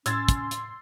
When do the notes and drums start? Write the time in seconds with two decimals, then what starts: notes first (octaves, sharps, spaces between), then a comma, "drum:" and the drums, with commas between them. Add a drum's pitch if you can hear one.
0.06 A2 C#4 C6 E6 G#6 A6, drum: hi-hat
0.29 drum: kick, hi-hat
0.51 drum: hi-hat